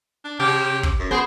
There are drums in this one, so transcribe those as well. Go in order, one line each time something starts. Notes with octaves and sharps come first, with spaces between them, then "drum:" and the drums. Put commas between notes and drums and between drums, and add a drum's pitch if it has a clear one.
D4
C3 G4
drum: kick
F#2
B3 G#4 C5